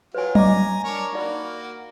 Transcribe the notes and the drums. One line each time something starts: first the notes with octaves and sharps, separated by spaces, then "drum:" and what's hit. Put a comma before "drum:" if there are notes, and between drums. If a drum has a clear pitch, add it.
F#3 F4 F#4 B4 C#5 G#5
D#5 G#5 A#5 D6, drum: tom F#3
D4 A#4 C#5
A#3 D#4 F#4 D5 B5